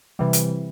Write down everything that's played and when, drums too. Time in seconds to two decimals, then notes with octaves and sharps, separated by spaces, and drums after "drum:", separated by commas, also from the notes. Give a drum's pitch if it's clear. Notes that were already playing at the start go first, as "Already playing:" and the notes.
0.19 C3 E3 G3
0.33 drum: hi-hat